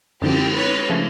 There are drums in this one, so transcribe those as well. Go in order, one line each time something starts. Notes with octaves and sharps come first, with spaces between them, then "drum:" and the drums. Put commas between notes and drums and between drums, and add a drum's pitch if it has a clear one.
F#2 D3 F3 G4, drum: cymbal
B4 C#5
C#3 F3 A3 C#4